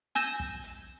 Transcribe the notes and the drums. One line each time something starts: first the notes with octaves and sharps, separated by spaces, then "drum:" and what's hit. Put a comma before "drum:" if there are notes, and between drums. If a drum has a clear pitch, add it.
G#5 E6 G6 A#6 E7, drum: snare
drum: kick
drum: hi-hat